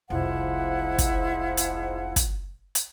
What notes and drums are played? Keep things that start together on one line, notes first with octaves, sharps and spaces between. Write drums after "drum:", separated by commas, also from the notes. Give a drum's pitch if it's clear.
F1 C2 G#2 F3 E4 F#5
drum: kick, hi-hat
drum: hi-hat
drum: kick, hi-hat
drum: hi-hat